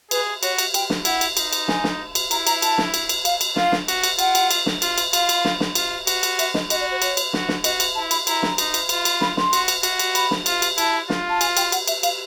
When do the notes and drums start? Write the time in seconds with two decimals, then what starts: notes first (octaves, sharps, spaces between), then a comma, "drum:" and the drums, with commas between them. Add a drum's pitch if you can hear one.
0.11 G#4 B4, drum: cymbal
0.43 F#4 C#5, drum: cymbal
0.58 drum: cymbal
0.74 G5, drum: cymbal
0.90 drum: snare
1.05 E4 F#5, drum: cymbal
1.21 drum: cymbal
1.37 D#4, drum: cymbal
1.53 drum: cymbal
1.68 G#5, drum: snare
1.84 drum: snare
2.15 drum: cymbal
2.31 E4 A#5, drum: cymbal
2.47 A#5, drum: cymbal
2.62 A5, drum: cymbal
2.78 drum: snare
2.94 drum: cymbal
3.09 drum: cymbal
3.25 F5, drum: cymbal
3.41 drum: cymbal
3.56 F4 F5, drum: snare
3.72 drum: snare
3.88 F#4, drum: cymbal
4.03 drum: cymbal
4.19 F4 F#5, drum: cymbal
4.35 drum: cymbal
4.51 drum: cymbal
4.66 drum: snare
4.82 F4, drum: cymbal
4.98 drum: cymbal
5.13 F4 F5, drum: cymbal
5.29 drum: cymbal
5.45 drum: snare
5.60 drum: snare
5.75 F4, drum: cymbal
6.07 F#4, drum: cymbal
6.23 drum: cymbal
6.39 E5, drum: cymbal
6.54 D#5, drum: snare
6.70 F#4 D#5, drum: cymbal
6.81 D5
6.91 C5
7.02 C#5, drum: cymbal
7.17 drum: cymbal
7.33 F#4, drum: snare
7.49 drum: snare
7.64 F#4 D#5, drum: cymbal
7.80 drum: cymbal
7.95 E4 A5
8.11 B5, drum: cymbal
8.27 E4 A#5, drum: cymbal
8.43 drum: snare
8.58 D#4, drum: cymbal
8.74 drum: cymbal
8.89 F4, drum: cymbal
9.05 drum: cymbal
9.21 B5, drum: snare
9.37 C6, drum: snare
9.53 F#4, drum: cymbal
9.68 drum: cymbal
9.83 F#4, drum: cymbal
9.99 drum: cymbal
10.15 B5, drum: cymbal
10.31 drum: snare
10.46 F4, drum: cymbal
10.62 drum: cymbal
10.78 E4 A5, drum: cymbal
11.10 F4, drum: snare
11.29 A5
11.41 G#5, drum: cymbal
11.57 G5, drum: cymbal
11.72 F#5, drum: cymbal
11.88 E5, drum: cymbal
12.03 F5, drum: cymbal